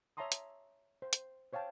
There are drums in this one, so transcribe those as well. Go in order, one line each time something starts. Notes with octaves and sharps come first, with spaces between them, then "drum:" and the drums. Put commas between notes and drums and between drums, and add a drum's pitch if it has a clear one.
C#5 E5 A5 A#5 C6 D#6
drum: hi-hat
C5
drum: hi-hat
C5 C#5 F5 G5 A5